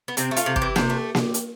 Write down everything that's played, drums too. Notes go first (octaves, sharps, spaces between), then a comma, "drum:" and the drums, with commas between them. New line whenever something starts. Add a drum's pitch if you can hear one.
B3
C3 C4, drum: hi-hat
A3
F4, drum: hi-hat
C3
G4, drum: kick
E3
C3, drum: snare A#3
A3
drum: snare A#3
drum: hi-hat